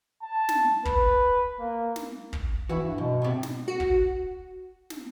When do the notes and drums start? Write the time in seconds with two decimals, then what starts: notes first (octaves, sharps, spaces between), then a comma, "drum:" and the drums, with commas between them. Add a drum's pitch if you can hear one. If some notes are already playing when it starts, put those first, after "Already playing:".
0.22 A5
0.49 drum: snare
0.85 B4, drum: kick
1.59 A#3
1.96 drum: snare
2.33 drum: kick
2.69 E3 E4 F#4
2.82 G2
2.98 F#2 B2
3.22 A2 C3
3.43 drum: snare
3.68 F#4
3.80 drum: kick
4.90 drum: snare